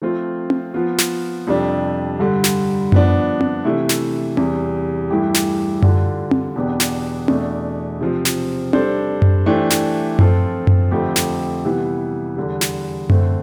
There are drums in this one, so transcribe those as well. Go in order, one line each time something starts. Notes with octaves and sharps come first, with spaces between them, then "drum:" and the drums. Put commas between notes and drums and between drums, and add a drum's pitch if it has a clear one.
F3 A3 C4 F4 C5
drum: tom C4
F3 B3 F4
drum: snare
F2 C3 G3 D4 G4
G2 D3 G3
drum: snare
F3 B3 D4, drum: tom F#2
drum: tom C4
C3 E3 A3 E4
drum: snare
E2 C3 G3, drum: tom C4
G2 E3 A3 E4 G4
drum: snare
D3 G3 D4 F4 A4, drum: tom F#2
drum: tom C4
E2 B2 B3 D4 G4
drum: snare
E2 B2 A3 D4, drum: tom C4
C3 F3 C4
drum: snare
G3 D4 A4 C5, drum: tom C4
drum: tom F#2
E3 A3 D4 G4 C5
drum: snare
F3 C4 F4 A4, drum: tom F#2
drum: tom F#2
F2 D3 A3 C4 G4
drum: snare
C3 E3 G3 B3
E2 D3 G3
drum: snare
D3 A3 C4, drum: tom F#2